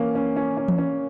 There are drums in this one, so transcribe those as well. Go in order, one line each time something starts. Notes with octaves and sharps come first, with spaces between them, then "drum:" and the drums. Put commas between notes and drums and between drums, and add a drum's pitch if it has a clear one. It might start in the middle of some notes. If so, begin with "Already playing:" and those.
Already playing: E3 A#3 C#4
C#4
C#4
C#4
drum: tom E3
C#4